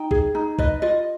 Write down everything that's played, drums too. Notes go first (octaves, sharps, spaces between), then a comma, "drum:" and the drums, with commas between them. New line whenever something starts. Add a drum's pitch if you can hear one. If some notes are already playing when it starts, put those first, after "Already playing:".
Already playing: D#4 G5
G#4, drum: kick
D#4
B4 D#5, drum: kick
F4 D#5